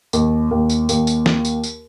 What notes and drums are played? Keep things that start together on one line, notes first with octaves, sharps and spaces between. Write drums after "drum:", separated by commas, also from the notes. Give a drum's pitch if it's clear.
D#2, drum: tambourine
D#2
drum: tambourine
D#2, drum: tambourine
drum: tambourine
drum: snare
drum: tambourine
drum: tambourine